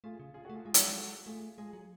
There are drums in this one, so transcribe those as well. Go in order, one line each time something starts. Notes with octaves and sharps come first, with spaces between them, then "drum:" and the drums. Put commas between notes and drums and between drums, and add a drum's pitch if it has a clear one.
A3 F4 G#4
C#3
F4 G#4
F#4 A4
A3
F4 G#4
G#3 F4 G#4
F#3, drum: hi-hat
G#3
F#4 A4
A3 F4 G#4
G#3 F4 G#4
F#3